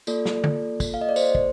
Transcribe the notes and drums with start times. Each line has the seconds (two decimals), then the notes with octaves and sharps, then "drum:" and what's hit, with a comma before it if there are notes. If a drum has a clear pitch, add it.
0.07 A#3 F4 A4 D5, drum: tambourine
0.25 drum: snare
0.44 drum: tom
0.80 drum: kick, tambourine
0.94 F5
1.01 D#5
1.09 D5
1.16 C5, drum: tambourine
1.35 drum: kick